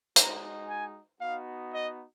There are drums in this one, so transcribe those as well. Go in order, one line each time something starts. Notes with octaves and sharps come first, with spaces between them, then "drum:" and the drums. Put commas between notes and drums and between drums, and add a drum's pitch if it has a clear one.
G#3 D#4 F#4 A#5, drum: hi-hat
G#5
B3 D#4 F#4 F5
D#5